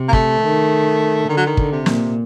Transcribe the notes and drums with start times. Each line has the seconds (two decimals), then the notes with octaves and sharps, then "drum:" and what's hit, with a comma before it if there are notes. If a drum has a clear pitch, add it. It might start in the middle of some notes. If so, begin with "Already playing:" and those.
Already playing: C3
0.08 A#3
0.13 A3, drum: kick
0.42 D#3
1.29 D3 D#3
1.37 F#3
1.46 D#3
1.57 D3, drum: kick
1.72 C3
1.86 A#2, drum: snare